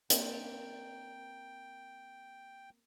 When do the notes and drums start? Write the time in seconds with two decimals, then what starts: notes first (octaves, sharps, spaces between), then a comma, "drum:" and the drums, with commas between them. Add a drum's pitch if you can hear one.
0.10 A#3 C4 A#4 G5, drum: hi-hat